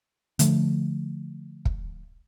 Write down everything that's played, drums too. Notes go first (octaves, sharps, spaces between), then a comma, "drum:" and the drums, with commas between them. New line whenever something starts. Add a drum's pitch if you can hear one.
D3 F3 A3, drum: hi-hat
drum: kick